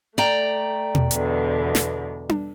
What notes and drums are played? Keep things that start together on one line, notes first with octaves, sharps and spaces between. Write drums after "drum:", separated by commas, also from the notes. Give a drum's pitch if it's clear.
A3 D5 G5 A#5
drum: tom B2
E2 B2 D3, drum: hi-hat
drum: snare
drum: tom D4